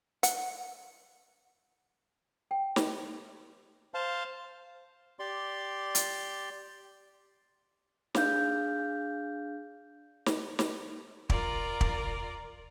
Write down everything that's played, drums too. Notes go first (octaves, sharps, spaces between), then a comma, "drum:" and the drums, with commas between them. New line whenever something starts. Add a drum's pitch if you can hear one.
F#5, drum: hi-hat
G5
drum: snare
C5 F5 A5
G4 D5 C6
drum: hi-hat
D4 G#4 F5 G6, drum: snare
drum: snare
drum: snare
F4 A#4 D5, drum: kick
drum: kick